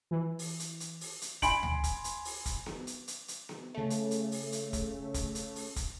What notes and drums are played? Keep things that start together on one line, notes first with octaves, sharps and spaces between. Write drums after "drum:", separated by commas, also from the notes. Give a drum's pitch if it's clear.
E3
drum: open hi-hat
drum: hi-hat
drum: hi-hat
drum: open hi-hat
drum: hi-hat
G#5 B5 C6 D7 F#7, drum: kick, hi-hat
drum: tom D2
drum: kick, hi-hat
drum: hi-hat
drum: open hi-hat
drum: kick, hi-hat
drum: snare B3
drum: hi-hat
drum: hi-hat
drum: hi-hat
drum: snare B3
C#3 A3
drum: hi-hat
drum: hi-hat
drum: open hi-hat
drum: hi-hat
drum: kick, hi-hat
drum: kick, hi-hat
drum: hi-hat
drum: open hi-hat
drum: kick, hi-hat